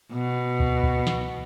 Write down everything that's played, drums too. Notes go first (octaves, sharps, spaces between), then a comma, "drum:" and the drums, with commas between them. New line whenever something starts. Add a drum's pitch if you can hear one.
B2
drum: kick
drum: kick
drum: snare